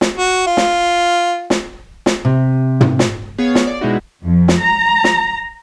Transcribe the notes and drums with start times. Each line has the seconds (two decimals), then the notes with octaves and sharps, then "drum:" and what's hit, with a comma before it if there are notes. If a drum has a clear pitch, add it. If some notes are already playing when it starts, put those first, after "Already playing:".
0.01 drum: snare
0.17 F#4
0.47 F4
0.57 drum: snare
1.50 drum: snare
2.06 drum: snare
2.25 C3
2.81 drum: tom
2.99 drum: snare
3.38 B3 G#4 C#5 F5
3.55 drum: snare
3.67 D5
3.81 B2 G#3 D#4 E4 F#4
4.23 F2
4.48 drum: snare
4.61 A#5
5.04 drum: snare